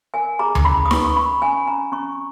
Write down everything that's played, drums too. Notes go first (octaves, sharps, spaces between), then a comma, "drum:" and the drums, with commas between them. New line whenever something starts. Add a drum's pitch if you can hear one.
A#4 G#5
G#4 A#5
drum: tom D2
C#4 B5
D#6
B4 C#6, drum: snare D#4
C#6
C#4 B5
C#4 G#5
C#4 A#5
C#4 C#6